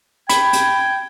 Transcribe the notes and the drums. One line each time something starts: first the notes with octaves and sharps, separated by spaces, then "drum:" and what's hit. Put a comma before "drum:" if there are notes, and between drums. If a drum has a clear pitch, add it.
G5 B5 G#6, drum: hi-hat
drum: hi-hat